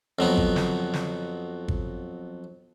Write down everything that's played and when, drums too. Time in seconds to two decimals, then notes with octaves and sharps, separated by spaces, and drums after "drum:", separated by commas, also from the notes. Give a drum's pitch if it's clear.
0.19 F2 F#3 B3
0.37 drum: kick
0.56 drum: snare
0.93 drum: snare
1.68 drum: kick